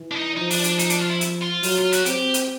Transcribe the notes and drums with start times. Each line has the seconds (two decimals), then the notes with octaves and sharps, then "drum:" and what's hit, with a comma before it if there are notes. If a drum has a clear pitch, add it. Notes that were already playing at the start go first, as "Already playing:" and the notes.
Already playing: E3
0.11 D4
0.14 D#4
0.36 F3 D#4
0.50 D4, drum: open hi-hat
0.64 D4, drum: hi-hat
0.79 D#4, drum: hi-hat
0.90 D4, drum: hi-hat
1.00 F4
1.10 E4
1.21 drum: hi-hat
1.42 F4
1.63 F#3, drum: open hi-hat
1.79 F4
1.92 F#4, drum: hi-hat
2.06 C4 G4, drum: hi-hat
2.34 drum: hi-hat